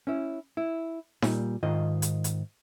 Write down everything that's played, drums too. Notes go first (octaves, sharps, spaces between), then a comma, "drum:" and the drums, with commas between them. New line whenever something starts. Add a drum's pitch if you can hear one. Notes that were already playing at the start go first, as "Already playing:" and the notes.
C#4 E4
E4
A#2 G3, drum: snare D#4
G#2 D#3 F4 D#5
drum: hi-hat
drum: hi-hat